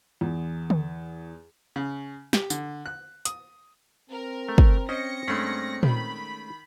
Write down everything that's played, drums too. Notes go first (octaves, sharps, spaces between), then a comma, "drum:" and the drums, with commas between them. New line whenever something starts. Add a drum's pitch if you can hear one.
E2
drum: tom D3
C#3
G4, drum: snare
D3, drum: tambourine
F#6
D#6, drum: hi-hat
C4 A#4
A3
drum: kick
C#4 C5 D#5 G5 A#6 C#7
G2 G#3 A3 C#4
D#3 B5, drum: tom A#2